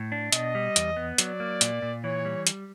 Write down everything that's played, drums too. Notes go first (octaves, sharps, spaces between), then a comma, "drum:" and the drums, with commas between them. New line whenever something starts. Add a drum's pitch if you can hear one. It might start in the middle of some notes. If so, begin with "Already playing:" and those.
Already playing: A2
D4
B2 D#5, drum: hi-hat
G3
E2, drum: hi-hat
B3
F#3 D5, drum: hi-hat
A#3
A#2, drum: hi-hat
A#2
E3 C#5
G3
drum: hi-hat